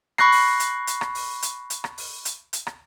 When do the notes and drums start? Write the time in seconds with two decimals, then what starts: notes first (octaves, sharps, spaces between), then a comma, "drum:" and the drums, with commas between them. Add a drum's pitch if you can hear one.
0.18 B5 C#6 F#6 A#6 C7, drum: rim click
0.32 drum: open hi-hat
0.60 drum: hi-hat
0.87 drum: hi-hat
1.01 drum: rim click
1.15 drum: open hi-hat
1.42 drum: hi-hat
1.70 drum: hi-hat
1.84 drum: rim click
1.98 drum: open hi-hat
2.25 drum: hi-hat
2.53 drum: hi-hat
2.67 drum: rim click